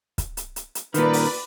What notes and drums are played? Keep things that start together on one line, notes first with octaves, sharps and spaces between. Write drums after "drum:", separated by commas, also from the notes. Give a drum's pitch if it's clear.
drum: kick, hi-hat
drum: hi-hat
drum: hi-hat
drum: hi-hat
A#2 D#3 B4 D5, drum: hi-hat
drum: open hi-hat